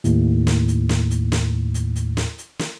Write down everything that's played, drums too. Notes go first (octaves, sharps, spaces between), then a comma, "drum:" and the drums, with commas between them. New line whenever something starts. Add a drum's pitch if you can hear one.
D#2 A2, drum: hi-hat
drum: snare
drum: hi-hat
drum: snare
drum: hi-hat
drum: snare
drum: hi-hat
drum: hi-hat
drum: snare
drum: hi-hat
drum: snare